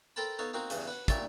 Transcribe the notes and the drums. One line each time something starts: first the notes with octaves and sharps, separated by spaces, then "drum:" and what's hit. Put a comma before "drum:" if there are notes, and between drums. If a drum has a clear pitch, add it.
A4 A#4 C5 G5 A5 B5
B3 D#4 A4 C#5 F5
A#3 C4 D#4 F#4 A#4
E2 G2 C#3, drum: hi-hat
B4 F#5
A#2 G3 C#5 D5 E5 A5, drum: kick, hi-hat